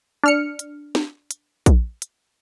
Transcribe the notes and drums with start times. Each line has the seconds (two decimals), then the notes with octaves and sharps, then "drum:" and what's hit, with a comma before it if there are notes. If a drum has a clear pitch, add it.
0.24 D4 F6 C#7
0.59 drum: hi-hat
0.95 drum: snare
1.31 drum: hi-hat
1.66 drum: kick A#1, hi-hat
2.02 drum: hi-hat